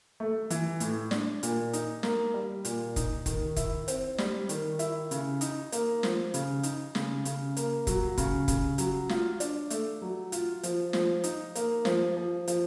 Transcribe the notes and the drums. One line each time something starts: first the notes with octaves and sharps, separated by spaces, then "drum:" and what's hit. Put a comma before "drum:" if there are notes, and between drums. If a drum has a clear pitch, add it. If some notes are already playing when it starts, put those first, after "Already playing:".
A3
E3, drum: hi-hat
A2, drum: hi-hat
D4, drum: snare
A#2, drum: hi-hat
D#4, drum: hi-hat
A#3, drum: snare
G3
A#2, drum: hi-hat
D#4, drum: kick, hi-hat
D#3, drum: kick, hi-hat
E4, drum: kick, hi-hat
C4, drum: hi-hat
G3, drum: snare
D#3, drum: hi-hat
E4, drum: hi-hat
C#3, drum: hi-hat
D#4, drum: hi-hat
A#3, drum: hi-hat
F3, drum: snare
C#3, drum: hi-hat
D#4, drum: hi-hat
C#3, drum: snare
C#3, drum: hi-hat
A#3, drum: hi-hat
F#3, drum: kick, hi-hat
C#3, drum: kick, hi-hat
C#3, drum: kick, hi-hat
F#3, drum: hi-hat
F4, drum: snare
D4, drum: hi-hat
A3, drum: hi-hat
F#3
F4, drum: hi-hat
F3, drum: hi-hat
F3, drum: snare
D#4, drum: hi-hat
A#3, drum: hi-hat
F3, drum: snare
F3
F3, drum: hi-hat